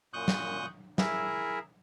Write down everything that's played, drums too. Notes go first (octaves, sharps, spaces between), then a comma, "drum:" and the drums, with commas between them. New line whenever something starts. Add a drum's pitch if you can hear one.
F#2 A#2 C#6 D#6 F#6 G6
drum: snare
E4 G#4 A#4 E5, drum: snare